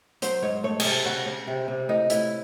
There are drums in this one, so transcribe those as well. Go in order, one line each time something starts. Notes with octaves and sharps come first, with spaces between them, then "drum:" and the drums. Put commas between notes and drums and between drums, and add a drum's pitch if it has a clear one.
F#3 C5, drum: hi-hat
G#2 C#5
A3 C#5
C3 G#4 A4, drum: cymbal
C#3 F#4
C#3
C3
C3
A2 D#4
A2 E4, drum: hi-hat